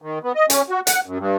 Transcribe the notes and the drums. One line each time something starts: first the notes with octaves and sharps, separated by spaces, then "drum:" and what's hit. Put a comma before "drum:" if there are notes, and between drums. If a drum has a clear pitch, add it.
D#3
B3
D#5
C#4, drum: hi-hat
F#4
F#5, drum: hi-hat
F#2
G2